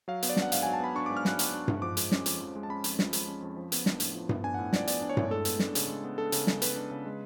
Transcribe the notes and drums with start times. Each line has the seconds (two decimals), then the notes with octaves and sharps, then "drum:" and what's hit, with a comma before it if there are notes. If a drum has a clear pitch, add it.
0.08 F#3 F5
0.22 B3, drum: hi-hat
0.29 D5
0.37 D4, drum: snare
0.42 F#5
0.52 G#2 F5, drum: hi-hat
0.63 F#3 G#5
0.74 A5
0.80 B3 B5
0.95 D4 C#6
1.06 G#2 D6
1.17 F6
1.25 F#3 F#6, drum: snare
1.39 B3, drum: hi-hat
1.54 D4
1.68 G#2, drum: tom G2
1.82 F3 D6
1.97 G#3, drum: hi-hat
2.12 C#4, drum: snare
2.26 F2, drum: hi-hat
2.41 F3
2.56 G#3
2.63 A5
2.69 C#4 B5
2.84 F2, drum: hi-hat
2.99 F3, drum: snare
3.13 G#3, drum: hi-hat
3.28 C#4
3.42 F2
3.57 F3
3.72 B3, drum: hi-hat
3.86 D4, drum: snare
4.00 A2, drum: hi-hat
4.15 F3
4.29 B3, drum: tom G2
4.44 D4 G#5
4.54 A2 F#5
4.73 F3 D5, drum: snare
4.87 B3 D5, drum: hi-hat
5.02 D4
5.09 C#5
5.17 A2, drum: tom G2
5.31 G#3 A4
5.45 B3, drum: hi-hat
5.59 D4, drum: snare
5.75 C#3, drum: hi-hat
5.89 G#3
6.04 B3
6.18 D4 A4
6.32 C#3, drum: hi-hat
6.47 G#3, drum: snare
6.62 B3 B4, drum: hi-hat
6.76 D4
6.91 C#3
7.06 G#3